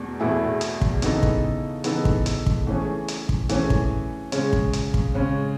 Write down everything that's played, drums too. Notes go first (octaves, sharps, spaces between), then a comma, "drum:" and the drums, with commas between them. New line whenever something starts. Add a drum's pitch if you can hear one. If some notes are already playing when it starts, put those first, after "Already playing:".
Already playing: E2 B2 A3
E2 B2 A3 E4 G#4
drum: hi-hat
drum: kick
C#3 E3 B3 D#4 A4, drum: hi-hat
drum: kick
C#3 E3 B3 D#4 A4, drum: hi-hat
drum: kick
drum: hi-hat
drum: kick
E3 A3 C#4 G#4
drum: hi-hat
drum: kick
E3 A3 C#4 G#4, drum: hi-hat
drum: kick
C#3 G#3 C#4, drum: hi-hat
drum: kick
drum: hi-hat
drum: kick
C#3 G#3 C#4